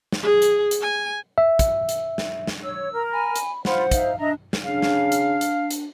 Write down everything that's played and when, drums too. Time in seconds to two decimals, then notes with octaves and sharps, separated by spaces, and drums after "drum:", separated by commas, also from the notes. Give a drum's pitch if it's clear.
0.12 drum: snare
0.23 G#4
0.42 drum: hi-hat
0.71 drum: hi-hat
0.82 G#5
1.38 E5
1.59 drum: kick, hi-hat
1.89 drum: hi-hat
2.18 drum: snare
2.47 drum: snare
2.63 C#5 E6
2.92 A#4
3.12 G#5 B5
3.36 drum: hi-hat
3.65 F4 C5 F#5 B5 C6, drum: snare
3.91 D#4 E5 F5, drum: kick, hi-hat
4.19 D4 D#5 E5 A#5
4.53 drum: snare
4.65 C#3 D4 F5
4.82 drum: snare
5.12 drum: hi-hat
5.41 drum: hi-hat
5.71 drum: hi-hat